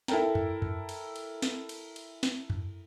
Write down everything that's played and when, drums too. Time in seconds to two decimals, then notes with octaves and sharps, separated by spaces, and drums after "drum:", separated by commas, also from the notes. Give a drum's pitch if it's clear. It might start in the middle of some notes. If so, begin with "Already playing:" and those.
0.08 E4 A4 A#4 G5 A#5, drum: snare
0.35 drum: tom F2
0.62 drum: tom F2
0.89 drum: cymbal
1.16 drum: cymbal
1.42 drum: snare
1.69 drum: cymbal
1.96 drum: cymbal
2.23 drum: snare
2.50 drum: tom F2